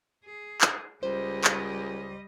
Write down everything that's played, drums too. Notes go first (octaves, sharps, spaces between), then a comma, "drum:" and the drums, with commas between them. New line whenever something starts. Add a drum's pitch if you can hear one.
G#4
drum: clap
C#2 G3 C5 D#5
drum: clap